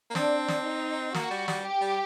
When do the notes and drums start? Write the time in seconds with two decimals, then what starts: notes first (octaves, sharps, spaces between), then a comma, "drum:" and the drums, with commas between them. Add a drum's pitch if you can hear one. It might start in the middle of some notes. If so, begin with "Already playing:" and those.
0.10 A#3
0.15 C4 D4, drum: snare
0.48 drum: snare
0.65 D#4
1.14 A#3 F#4, drum: snare
1.31 G3
1.48 G3, drum: snare
1.64 G4
1.81 G3